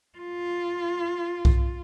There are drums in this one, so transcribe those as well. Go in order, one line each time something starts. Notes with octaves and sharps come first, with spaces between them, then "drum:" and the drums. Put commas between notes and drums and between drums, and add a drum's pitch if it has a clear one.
F4
drum: kick B1